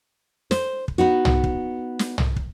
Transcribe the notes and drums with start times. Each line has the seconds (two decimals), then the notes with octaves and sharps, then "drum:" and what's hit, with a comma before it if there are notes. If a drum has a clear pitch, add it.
0.51 C5, drum: snare
0.88 drum: kick
0.98 B3 D#4 F#4
1.25 drum: tom
1.44 drum: kick
1.99 drum: snare
2.18 drum: tom
2.36 drum: kick